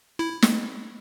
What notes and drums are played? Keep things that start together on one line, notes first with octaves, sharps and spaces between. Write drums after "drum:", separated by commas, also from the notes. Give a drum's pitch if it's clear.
E4
drum: snare